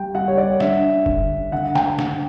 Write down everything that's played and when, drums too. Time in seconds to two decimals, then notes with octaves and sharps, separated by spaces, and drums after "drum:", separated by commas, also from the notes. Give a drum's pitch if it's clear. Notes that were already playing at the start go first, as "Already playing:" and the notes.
Already playing: G3 G5
0.15 G3 F#5
0.28 C#5
0.37 D5
0.60 D4 E5, drum: snare
1.06 D3, drum: kick
1.52 D3 F#5
1.75 G5, drum: snare
1.99 D3, drum: snare